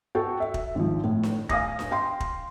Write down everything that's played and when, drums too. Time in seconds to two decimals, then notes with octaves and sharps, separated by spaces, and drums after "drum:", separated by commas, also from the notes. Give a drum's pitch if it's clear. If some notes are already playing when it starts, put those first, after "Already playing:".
0.15 F#4 A4 G5
0.40 E5
0.54 drum: kick
0.75 G#1 F3
1.04 A2
1.23 drum: snare D4
1.49 F5 G#5 D#6 A#6, drum: kick
1.79 drum: snare D4
1.91 F5 G5 C6
2.20 drum: kick